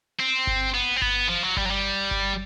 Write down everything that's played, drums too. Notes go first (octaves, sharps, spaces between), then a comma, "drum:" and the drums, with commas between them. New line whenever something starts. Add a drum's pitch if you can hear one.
C4
drum: kick G1
B3
C4
B3, drum: kick G1
F3
F#3
G3, drum: kick G1
F#3
G3
drum: kick G1